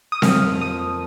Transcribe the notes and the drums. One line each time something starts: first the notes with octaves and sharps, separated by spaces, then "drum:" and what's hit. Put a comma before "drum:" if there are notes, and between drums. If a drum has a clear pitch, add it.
D#6
A#3 F6, drum: snare C4
F2
F3 D#6
A#3